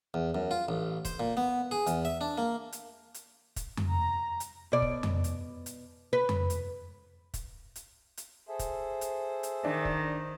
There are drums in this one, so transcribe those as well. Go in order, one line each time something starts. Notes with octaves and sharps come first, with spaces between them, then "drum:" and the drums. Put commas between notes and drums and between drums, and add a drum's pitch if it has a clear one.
E2
F#2
F4
A1
C5, drum: kick, hi-hat
A#2
B3
G#4
E2, drum: hi-hat
E5
D4
A#3
drum: hi-hat
drum: hi-hat
drum: kick, hi-hat
drum: tom F2
A#5
drum: hi-hat
B2 D5
drum: kick
drum: tom F2
drum: hi-hat
drum: hi-hat
B4
drum: tom F2
drum: hi-hat
drum: kick, hi-hat
drum: hi-hat
drum: hi-hat
G#4 A4 C5 E5
drum: kick, hi-hat
drum: hi-hat
drum: hi-hat
D#3 D4
drum: kick